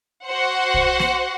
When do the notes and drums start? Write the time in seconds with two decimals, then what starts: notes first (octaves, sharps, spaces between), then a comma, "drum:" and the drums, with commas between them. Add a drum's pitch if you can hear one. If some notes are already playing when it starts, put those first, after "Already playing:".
0.24 F#4 C5 F#5
0.74 drum: kick
0.99 drum: snare